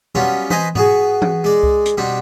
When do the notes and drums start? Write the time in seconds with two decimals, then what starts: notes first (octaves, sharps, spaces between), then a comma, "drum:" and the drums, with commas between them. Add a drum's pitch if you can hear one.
0.15 F#3 G3 B3 C#4 F4
0.50 B4 C5 D#5 G#5 A#5, drum: tom E3
0.75 B3 F#4 G#4, drum: tom G#2
1.22 drum: tom E3
1.44 G#3 D5
1.63 drum: kick C2
1.86 drum: hi-hat
1.98 B2 G3 C4 D4